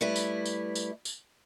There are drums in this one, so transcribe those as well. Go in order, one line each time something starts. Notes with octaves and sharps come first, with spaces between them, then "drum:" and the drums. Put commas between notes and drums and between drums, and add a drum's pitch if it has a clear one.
G3 A3 E4 B4
drum: tambourine
drum: tambourine
drum: tambourine
drum: tambourine